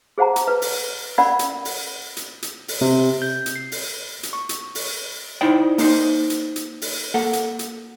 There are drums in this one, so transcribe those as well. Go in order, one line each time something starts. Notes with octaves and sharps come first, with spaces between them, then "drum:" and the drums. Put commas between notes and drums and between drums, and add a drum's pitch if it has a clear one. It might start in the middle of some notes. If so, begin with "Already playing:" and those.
G#4 C5 F#5 A5 A#5
drum: hi-hat
B4
drum: open hi-hat
C#4 A#4 D5 F#5 B5
drum: hi-hat
drum: open hi-hat
drum: hi-hat
drum: hi-hat
drum: open hi-hat
C3
G6
drum: hi-hat
C7
drum: open hi-hat
drum: hi-hat
C#6
drum: hi-hat
drum: open hi-hat
D#4 E4 C5 D5 G5
A#3 D#4 C5, drum: open hi-hat
drum: hi-hat
drum: hi-hat
drum: open hi-hat
A#3 A4 F#5
drum: hi-hat
drum: hi-hat